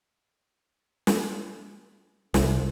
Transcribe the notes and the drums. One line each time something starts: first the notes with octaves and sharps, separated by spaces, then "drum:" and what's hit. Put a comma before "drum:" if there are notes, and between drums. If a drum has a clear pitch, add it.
drum: snare
C2, drum: snare